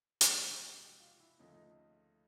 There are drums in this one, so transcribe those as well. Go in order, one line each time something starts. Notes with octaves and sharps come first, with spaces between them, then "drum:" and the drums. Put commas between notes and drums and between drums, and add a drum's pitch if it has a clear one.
E2 C3 F3 G#3 G4, drum: hi-hat
G4
G#4
G4
F#4
F4
E4
D2 C#3 F3 A3 D#4
D#4